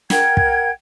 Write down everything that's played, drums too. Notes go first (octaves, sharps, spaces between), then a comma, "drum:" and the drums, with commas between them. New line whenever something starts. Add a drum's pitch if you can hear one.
A#4 F#5 G5 G#6, drum: snare
drum: kick